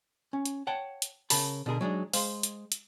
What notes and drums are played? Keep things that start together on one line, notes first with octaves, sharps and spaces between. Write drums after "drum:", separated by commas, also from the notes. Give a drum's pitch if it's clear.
C#4
drum: hi-hat
C#5 F#5 G5 A5
drum: hi-hat
C#3 A#4 A5 B5, drum: open hi-hat
B2 D3 G#4 A#4
F#3 G#3 D4 D#4
G#3 C5 F5, drum: open hi-hat
drum: hi-hat
drum: hi-hat